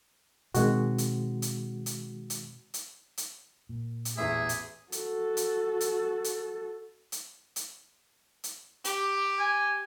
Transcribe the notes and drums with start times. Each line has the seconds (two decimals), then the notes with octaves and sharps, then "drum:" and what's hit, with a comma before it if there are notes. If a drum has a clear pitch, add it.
0.54 B2 D#3 G#3 C4 F#4, drum: hi-hat
0.98 drum: hi-hat
1.42 drum: hi-hat
1.86 drum: hi-hat
2.30 drum: hi-hat
2.74 drum: hi-hat
3.18 drum: hi-hat
3.69 A#2
4.05 drum: hi-hat
4.17 A1 E2 G#4 E5
4.49 drum: hi-hat
4.92 F#4 A4, drum: hi-hat
5.37 drum: hi-hat
5.81 drum: hi-hat
6.24 drum: hi-hat
7.12 drum: hi-hat
7.56 drum: hi-hat
8.44 drum: hi-hat
8.85 G4, drum: hi-hat
9.39 G#5